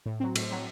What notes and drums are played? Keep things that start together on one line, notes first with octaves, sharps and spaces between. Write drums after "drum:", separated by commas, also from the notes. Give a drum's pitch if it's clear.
A2
F#3 C4
A2, drum: cymbal
F#3 C4